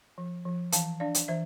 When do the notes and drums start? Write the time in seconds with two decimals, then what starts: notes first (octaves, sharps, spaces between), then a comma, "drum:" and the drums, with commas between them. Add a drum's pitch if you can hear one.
0.18 F3
0.45 F3
0.72 E3 F5 A5, drum: hi-hat
1.00 D4 D5 F5
1.15 drum: hi-hat
1.28 E3 C5 E5